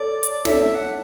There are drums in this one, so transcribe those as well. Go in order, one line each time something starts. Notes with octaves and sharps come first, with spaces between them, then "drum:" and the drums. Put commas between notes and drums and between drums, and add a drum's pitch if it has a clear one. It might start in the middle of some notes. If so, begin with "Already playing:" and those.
Already playing: A4 C#5 D5
drum: hi-hat
A4 C#5 E5, drum: snare
E5
F#5